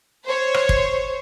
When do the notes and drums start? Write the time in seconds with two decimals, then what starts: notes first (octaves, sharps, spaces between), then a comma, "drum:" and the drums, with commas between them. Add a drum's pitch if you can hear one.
0.25 C5 C#5
0.54 drum: rim click
0.69 drum: kick